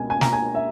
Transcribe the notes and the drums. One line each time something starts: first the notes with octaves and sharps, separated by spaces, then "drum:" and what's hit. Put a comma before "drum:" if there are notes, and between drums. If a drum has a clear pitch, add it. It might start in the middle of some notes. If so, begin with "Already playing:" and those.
Already playing: C#2 B2 A#3 G#5
G#5
A#5, drum: snare
G#5
E5